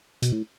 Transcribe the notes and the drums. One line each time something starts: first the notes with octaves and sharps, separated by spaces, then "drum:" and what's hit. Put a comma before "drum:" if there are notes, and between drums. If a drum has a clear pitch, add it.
B2, drum: hi-hat
A2